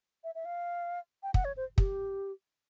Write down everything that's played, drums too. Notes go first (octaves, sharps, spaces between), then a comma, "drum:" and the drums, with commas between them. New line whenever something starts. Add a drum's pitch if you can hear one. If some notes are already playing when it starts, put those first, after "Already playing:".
E5
E5
F5
G5
F#5, drum: kick
C#5
C5
G4, drum: kick